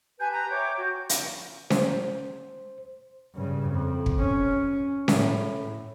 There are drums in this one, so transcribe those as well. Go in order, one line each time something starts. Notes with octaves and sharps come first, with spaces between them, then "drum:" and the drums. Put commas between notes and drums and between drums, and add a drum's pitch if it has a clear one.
G4 B4 G#5 A5 G6
A#5
C#5 E5 G5 D6
F#4
drum: hi-hat
C5, drum: snare C#4
G2 C#3
F2
drum: kick
C#4
A2, drum: snare C#4